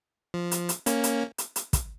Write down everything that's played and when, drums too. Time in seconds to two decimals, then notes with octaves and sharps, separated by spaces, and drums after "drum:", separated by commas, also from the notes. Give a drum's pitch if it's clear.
0.34 F3
0.51 drum: hi-hat
0.69 drum: hi-hat
0.86 A#3 C#4, drum: hi-hat
1.04 drum: hi-hat
1.38 drum: hi-hat
1.56 drum: hi-hat
1.73 drum: kick, hi-hat